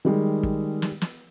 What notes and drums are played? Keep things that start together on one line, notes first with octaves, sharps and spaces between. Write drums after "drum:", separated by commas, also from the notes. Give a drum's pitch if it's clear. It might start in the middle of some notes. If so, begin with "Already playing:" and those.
D#3 G3 G#3
drum: kick
drum: snare
drum: snare